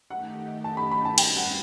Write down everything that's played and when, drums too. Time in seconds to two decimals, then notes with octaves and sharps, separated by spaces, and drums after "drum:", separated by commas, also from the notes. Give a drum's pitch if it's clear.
0.10 D#3 A3 D#4 G4 F#5
0.64 A5
0.77 B5
0.91 B5
1.05 A5
1.18 G3 C4 D#4 F#4 B4 G5, drum: cymbal
1.36 F#5